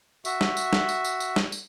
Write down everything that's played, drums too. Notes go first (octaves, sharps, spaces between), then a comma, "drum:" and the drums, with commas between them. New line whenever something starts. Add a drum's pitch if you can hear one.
F#4 E5, drum: tambourine
drum: snare
drum: tambourine
drum: snare
drum: tambourine
drum: tambourine
drum: tambourine
drum: snare
drum: tambourine